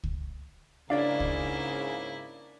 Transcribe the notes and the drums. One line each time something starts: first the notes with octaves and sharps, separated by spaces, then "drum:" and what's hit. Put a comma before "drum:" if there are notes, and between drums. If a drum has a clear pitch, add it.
drum: kick C#2
G#2 C#3 A#3 D4 E4 C#5 D5 F5
drum: kick C#2